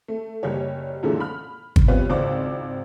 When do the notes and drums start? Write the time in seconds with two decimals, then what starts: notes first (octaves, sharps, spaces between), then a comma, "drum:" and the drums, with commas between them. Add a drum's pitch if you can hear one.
0.08 A3
0.43 F#1 G3 C#5
1.03 F#2 A#2 D3 E3 G#3 A3
1.20 B5 F6
1.76 drum: kick G1
1.88 G3 B3 C4 F4 B4 C#5
2.09 G#1 C#2 C5 D5 D6